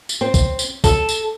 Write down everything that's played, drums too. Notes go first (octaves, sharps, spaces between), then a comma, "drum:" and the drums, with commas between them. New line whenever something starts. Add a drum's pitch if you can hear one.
drum: tambourine
C4
drum: kick B1, tambourine
drum: tambourine
A4, drum: kick B1, tambourine
drum: tambourine